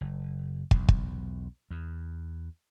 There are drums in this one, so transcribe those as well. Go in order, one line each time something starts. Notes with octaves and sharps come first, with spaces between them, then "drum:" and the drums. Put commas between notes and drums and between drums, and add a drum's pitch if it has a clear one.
F#1
B1 E2, drum: kick
drum: kick
E2